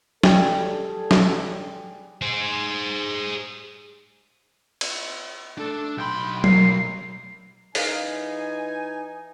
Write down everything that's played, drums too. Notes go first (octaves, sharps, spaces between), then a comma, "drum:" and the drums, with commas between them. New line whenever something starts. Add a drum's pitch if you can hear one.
G3 G#4 A4, drum: snare
drum: snare
G#4 C5
drum: cymbal
A3 D4 A4
B1 G5 B5 C6
A#4 B5 C7, drum: tom F#3
E3 D#4 G#4 A#4 F5 G#5, drum: open hi-hat